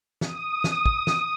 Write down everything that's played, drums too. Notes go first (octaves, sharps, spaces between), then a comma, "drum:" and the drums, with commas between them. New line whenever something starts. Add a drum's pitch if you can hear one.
D#6, drum: snare
drum: snare
drum: kick
drum: snare